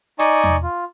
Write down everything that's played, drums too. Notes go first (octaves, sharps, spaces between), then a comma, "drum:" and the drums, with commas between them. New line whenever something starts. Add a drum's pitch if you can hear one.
D#4 D5 D#5 G#5 C#6, drum: hi-hat
drum: tom E2
F4